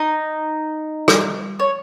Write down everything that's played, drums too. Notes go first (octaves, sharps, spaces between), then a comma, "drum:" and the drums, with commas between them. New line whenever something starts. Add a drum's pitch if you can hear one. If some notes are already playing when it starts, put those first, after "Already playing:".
Already playing: D#4
drum: rim click
C#5